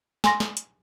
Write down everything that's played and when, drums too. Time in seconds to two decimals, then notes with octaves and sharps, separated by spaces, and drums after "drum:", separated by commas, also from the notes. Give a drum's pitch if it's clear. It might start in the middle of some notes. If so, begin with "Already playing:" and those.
0.24 G#5 C6 A#6, drum: snare
0.40 drum: snare
0.57 drum: hi-hat